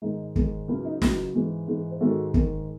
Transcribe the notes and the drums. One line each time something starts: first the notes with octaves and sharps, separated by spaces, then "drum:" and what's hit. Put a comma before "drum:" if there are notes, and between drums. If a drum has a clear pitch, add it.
G#2 D#3 G#3 D#4
G#2 D#3 G#3, drum: kick
C#2 C#3 F#3 E4
D#4
C#2 C#3 F#3 E4, drum: snare
G#2 E3 G#3
G#2 E3 G#3
C5
G#2 D#3 G#3 F#4 A4
G#2 D#3 G#3, drum: kick